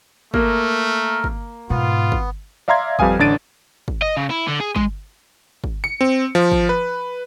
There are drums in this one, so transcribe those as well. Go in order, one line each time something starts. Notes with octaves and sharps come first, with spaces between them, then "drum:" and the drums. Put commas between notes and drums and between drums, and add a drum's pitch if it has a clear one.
A3 A#3 A#4, drum: kick
drum: kick
G#2 B2 B3 F4
drum: kick
D5 E5 F5 A#5 C6 G#6
F2 G3 B4 F5 G#5 D#6, drum: kick
A1 D3 D4 A6 D7 D#7
drum: kick
D#5
C#3
E4
D3
G#4
G#3, drum: kick
drum: kick
C#7
C4
F3
drum: kick
B4